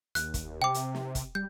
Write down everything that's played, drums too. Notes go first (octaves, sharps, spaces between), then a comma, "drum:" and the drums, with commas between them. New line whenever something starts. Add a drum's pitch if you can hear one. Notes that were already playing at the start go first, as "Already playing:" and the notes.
D#2 F#6, drum: hi-hat
drum: kick, hi-hat
C3 G5 D6
drum: hi-hat
drum: snare
drum: kick, hi-hat
G3 G6